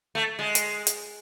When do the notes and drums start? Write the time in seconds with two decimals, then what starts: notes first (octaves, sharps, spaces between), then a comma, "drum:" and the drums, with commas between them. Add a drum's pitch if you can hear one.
0.15 A3
0.39 G#3
0.55 drum: hi-hat
0.87 drum: hi-hat